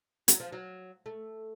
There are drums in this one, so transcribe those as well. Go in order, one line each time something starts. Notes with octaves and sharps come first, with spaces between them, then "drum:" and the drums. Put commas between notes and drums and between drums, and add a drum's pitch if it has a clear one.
F#3, drum: hi-hat
F3
F#3
A3